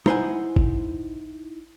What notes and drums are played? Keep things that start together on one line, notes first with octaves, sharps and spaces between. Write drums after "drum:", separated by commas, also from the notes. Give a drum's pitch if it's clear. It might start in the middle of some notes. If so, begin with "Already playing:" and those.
D#4 E4 C5 C#5 F#5 G#5, drum: tom
drum: kick G#1